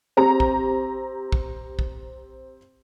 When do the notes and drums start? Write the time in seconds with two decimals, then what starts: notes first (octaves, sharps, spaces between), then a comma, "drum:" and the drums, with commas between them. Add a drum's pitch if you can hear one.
0.17 C4 G4 A#5
0.40 drum: kick
1.32 drum: kick
1.79 drum: kick